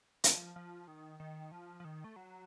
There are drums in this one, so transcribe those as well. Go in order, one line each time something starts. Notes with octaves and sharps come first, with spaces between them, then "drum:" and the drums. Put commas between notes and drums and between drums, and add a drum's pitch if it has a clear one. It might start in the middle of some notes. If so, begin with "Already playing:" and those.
F3, drum: hi-hat
F3
D#3
D#3
F3
F3
D#3
A3
F#3